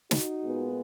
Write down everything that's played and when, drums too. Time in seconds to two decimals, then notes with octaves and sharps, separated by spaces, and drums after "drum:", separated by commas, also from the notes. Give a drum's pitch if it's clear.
0.11 D#4 F#4, drum: snare
0.43 A#2 G#3 B3